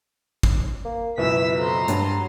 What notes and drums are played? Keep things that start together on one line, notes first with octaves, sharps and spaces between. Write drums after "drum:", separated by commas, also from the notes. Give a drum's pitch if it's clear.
drum: kick
A#3
C#2 F#2 B2 E3 E6 B6
F2 A#5 C6
G2 F#3, drum: hi-hat